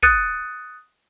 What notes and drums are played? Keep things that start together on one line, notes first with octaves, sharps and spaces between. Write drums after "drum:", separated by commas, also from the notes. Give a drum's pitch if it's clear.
D#6 F#6 A6 C#7 D#7, drum: kick